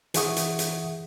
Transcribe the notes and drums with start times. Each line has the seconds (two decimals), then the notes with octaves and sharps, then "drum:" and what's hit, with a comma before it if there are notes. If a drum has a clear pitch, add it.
0.14 E3 G#4 E5 F#5 C#6 D#6, drum: hi-hat
0.36 drum: hi-hat
0.59 drum: hi-hat